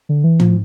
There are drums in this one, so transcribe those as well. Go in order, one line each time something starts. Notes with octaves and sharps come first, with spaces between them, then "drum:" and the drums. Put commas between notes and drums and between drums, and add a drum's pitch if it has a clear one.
D3
E3
F3, drum: tom